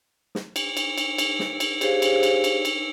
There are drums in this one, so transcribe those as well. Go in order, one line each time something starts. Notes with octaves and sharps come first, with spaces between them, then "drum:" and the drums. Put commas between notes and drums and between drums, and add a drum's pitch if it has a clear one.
drum: snare
drum: cymbal
drum: cymbal
drum: cymbal
drum: cymbal
drum: snare
drum: cymbal
G4 G#4 C5 C#5 F5, drum: cymbal
drum: cymbal
drum: cymbal
drum: cymbal
drum: cymbal